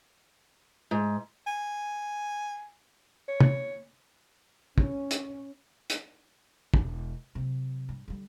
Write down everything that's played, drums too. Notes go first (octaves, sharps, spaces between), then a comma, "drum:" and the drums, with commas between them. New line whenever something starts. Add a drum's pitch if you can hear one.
G#2
G#5
C#5
drum: tom
C#4, drum: kick
drum: hi-hat
drum: hi-hat
E1, drum: kick
C3 F#3
G2
D3 G3